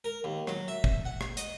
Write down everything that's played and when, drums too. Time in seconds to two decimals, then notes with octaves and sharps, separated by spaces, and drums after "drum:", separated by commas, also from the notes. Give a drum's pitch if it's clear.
0.04 A#4
0.24 D#2
0.47 F#3, drum: rim click
0.68 E5
0.84 drum: kick
1.05 F#5
1.21 drum: rim click
1.37 D#5, drum: hi-hat